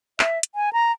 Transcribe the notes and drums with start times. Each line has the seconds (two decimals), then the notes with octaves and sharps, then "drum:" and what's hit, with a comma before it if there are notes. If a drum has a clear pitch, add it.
0.20 E5, drum: clap
0.43 drum: hi-hat
0.55 G#5
0.73 A#5